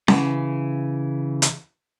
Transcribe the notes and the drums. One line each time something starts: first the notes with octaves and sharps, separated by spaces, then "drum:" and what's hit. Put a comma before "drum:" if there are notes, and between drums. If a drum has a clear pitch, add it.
C#3 E3, drum: snare C#4
drum: hi-hat